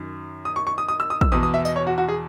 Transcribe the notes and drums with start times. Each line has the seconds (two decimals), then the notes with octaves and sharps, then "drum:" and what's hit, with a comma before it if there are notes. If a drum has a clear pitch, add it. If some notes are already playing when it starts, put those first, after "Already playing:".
Already playing: F#2 D#3
0.45 D#6
0.56 C#6
0.67 C#6
0.78 D#6
0.89 D#6
1.00 E6
1.10 D#6
1.21 E6, drum: kick
1.32 E2 B2 D#6
1.43 D#6
1.54 E5
1.65 D#5, drum: tambourine
1.76 C#5
1.87 F#4
1.98 F#4
2.08 G#4